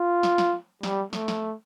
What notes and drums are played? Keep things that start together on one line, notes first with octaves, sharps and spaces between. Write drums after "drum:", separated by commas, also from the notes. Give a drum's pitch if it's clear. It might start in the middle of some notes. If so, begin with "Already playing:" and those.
Already playing: F4
drum: snare
drum: snare
G3, drum: snare
A3, drum: snare
drum: snare